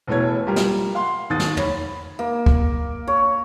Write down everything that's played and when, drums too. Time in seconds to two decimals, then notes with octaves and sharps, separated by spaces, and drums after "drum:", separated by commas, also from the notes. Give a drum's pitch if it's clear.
0.07 E1 A2 A3 B3 C#5 G#6
0.47 G3 F4 G4 A#4
0.56 drum: snare
0.95 F5 F#5 C6
1.30 D#2 G#2 D#3 D#6 A6
1.40 drum: snare
1.57 C#5 B5, drum: tom
2.19 A#3
2.46 drum: kick
3.07 C#5